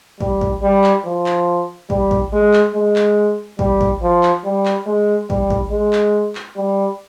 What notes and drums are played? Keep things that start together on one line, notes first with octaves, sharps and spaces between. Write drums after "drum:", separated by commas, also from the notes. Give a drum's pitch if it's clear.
G3, drum: kick
drum: kick
G3
drum: clap
F3
drum: clap
G3, drum: kick
drum: kick
G#3
drum: clap
G#3
drum: clap
G3, drum: kick
drum: kick
F3
drum: clap
G3
drum: clap
G#3
G3, drum: kick
drum: kick
G#3
drum: clap
drum: clap
G3